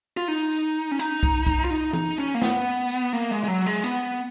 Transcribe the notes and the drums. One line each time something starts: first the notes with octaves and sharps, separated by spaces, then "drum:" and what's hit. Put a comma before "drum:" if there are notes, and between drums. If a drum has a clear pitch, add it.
F4
D#4
drum: tambourine
C#4
D#4, drum: tambourine
drum: kick C2
drum: kick C2, tambourine
F4
D#4
D#4, drum: tom E3
C#4
A#3
B3, drum: snare
drum: tambourine
A#3
G#3
G#3
F#3
G#3
B3, drum: tambourine